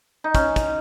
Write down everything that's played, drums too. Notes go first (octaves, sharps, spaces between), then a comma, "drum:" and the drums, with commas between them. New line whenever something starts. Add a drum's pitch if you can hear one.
D#4
C#4, drum: kick, hi-hat
drum: kick, hi-hat